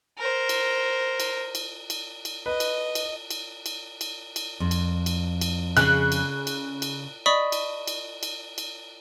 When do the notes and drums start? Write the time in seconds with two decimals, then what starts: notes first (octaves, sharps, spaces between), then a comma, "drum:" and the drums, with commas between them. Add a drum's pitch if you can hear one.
0.18 A#4 C5
0.49 drum: cymbal
1.20 drum: cymbal
1.55 drum: cymbal
1.90 drum: cymbal
2.25 drum: cymbal
2.46 B4 D#5
2.60 drum: cymbal
2.95 drum: cymbal
3.31 drum: cymbal
3.66 drum: cymbal
4.01 drum: cymbal
4.36 drum: cymbal
4.60 F2
4.71 drum: cymbal
5.06 drum: cymbal
5.41 drum: cymbal
5.77 C#3 F#6, drum: cymbal
6.12 drum: cymbal
6.47 drum: cymbal
6.82 drum: cymbal
7.26 D5 D#5 B5 C#6 D#6 B6
7.52 drum: cymbal
7.87 drum: cymbal
8.23 drum: cymbal
8.58 drum: cymbal